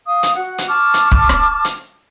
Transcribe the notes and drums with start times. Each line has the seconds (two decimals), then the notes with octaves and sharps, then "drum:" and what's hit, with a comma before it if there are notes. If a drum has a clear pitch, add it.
0.05 F5 D#6
0.23 drum: hi-hat
0.35 F#4 F#5
0.58 drum: hi-hat
0.68 A5 C#6 D6 F6
0.94 drum: hi-hat
1.11 drum: kick
1.29 drum: rim click
1.65 drum: hi-hat